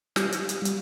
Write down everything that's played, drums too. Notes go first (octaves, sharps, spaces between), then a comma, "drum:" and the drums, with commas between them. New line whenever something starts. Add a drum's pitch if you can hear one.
G3, drum: snare
drum: hi-hat
drum: hi-hat
drum: hi-hat